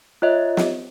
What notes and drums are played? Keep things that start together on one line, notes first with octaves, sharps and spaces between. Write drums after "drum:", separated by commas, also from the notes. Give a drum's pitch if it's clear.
F4 C#5 D#5 E5
drum: snare